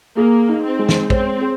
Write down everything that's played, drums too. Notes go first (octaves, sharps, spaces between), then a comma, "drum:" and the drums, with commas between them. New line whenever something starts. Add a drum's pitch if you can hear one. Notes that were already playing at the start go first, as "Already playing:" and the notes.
A#3 G#4
D#4
C4
G#3
drum: snare
C4 C#5, drum: kick
G#4